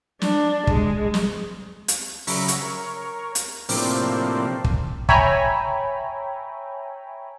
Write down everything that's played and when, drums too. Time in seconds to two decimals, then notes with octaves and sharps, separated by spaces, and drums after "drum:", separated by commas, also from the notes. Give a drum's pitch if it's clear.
0.22 D4, drum: snare
0.67 G#3, drum: kick
1.14 drum: snare
1.88 drum: hi-hat
2.27 C#3 F#3 E5 A#5 B5 C#6, drum: open hi-hat
2.48 drum: hi-hat
2.62 A#4 C#5
3.35 drum: hi-hat
3.69 A2 C3 F3 A#3 C4 D4, drum: open hi-hat
4.64 drum: kick
5.09 C#5 E5 G5 G#5 A#5 B5, drum: kick